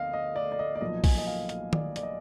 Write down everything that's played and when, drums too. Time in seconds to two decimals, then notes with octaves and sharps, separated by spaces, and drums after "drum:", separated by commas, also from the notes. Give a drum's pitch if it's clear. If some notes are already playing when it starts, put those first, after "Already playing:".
Already playing: D2 D3 F3 B3 D#5 F5
0.13 D#5
0.36 D5
0.52 D5
0.59 D#5
0.75 D5
0.81 B1 A#2 F3 D#5
1.04 G#5, drum: kick A#1, open hi-hat
1.18 D#5
1.27 F5
1.49 F5, drum: hi-hat
1.73 D5, drum: tom
1.96 D5, drum: hi-hat
2.03 D#5